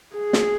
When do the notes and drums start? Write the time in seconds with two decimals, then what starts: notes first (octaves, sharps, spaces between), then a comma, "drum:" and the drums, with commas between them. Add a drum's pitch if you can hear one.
0.16 G#4
0.33 drum: snare